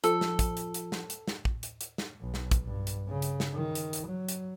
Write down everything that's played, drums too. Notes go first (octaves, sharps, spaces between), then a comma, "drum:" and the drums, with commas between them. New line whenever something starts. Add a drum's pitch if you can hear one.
F3 A4, drum: hi-hat
drum: snare
drum: kick, hi-hat
drum: hi-hat
drum: hi-hat
drum: snare
drum: hi-hat
drum: snare
drum: kick
drum: hi-hat
drum: hi-hat
drum: snare
B1
drum: snare
drum: kick, hi-hat
G2
drum: hi-hat
C#3
drum: hi-hat
drum: snare
D#3
drum: hi-hat
drum: hi-hat
F#3
drum: hi-hat